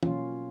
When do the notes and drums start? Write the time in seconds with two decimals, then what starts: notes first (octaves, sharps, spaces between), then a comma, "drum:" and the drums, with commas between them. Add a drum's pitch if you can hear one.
0.03 B2 F#3 A#3 C#4 F4, drum: tom